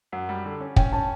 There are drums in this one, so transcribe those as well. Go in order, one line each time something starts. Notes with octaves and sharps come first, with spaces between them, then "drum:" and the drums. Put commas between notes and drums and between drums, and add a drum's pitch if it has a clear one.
F#2 F#5
G3
D3
C#4
C#4 G5, drum: kick
C#4 A5